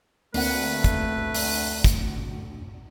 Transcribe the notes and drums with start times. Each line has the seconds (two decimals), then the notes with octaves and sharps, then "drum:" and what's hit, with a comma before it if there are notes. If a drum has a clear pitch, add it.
0.34 D2 A3 A#3 C4 B4 F#5, drum: open hi-hat
0.84 drum: kick, hi-hat
1.34 drum: open hi-hat
1.84 drum: kick, hi-hat